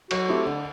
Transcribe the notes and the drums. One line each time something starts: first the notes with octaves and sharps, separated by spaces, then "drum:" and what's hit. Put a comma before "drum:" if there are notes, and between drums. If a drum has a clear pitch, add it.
F#3 F#4, drum: cymbal
A3 C4 E4 G4
D3